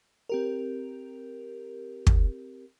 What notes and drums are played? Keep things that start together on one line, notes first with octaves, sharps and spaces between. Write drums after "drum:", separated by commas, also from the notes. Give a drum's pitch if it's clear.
C4 G4 A#4
drum: kick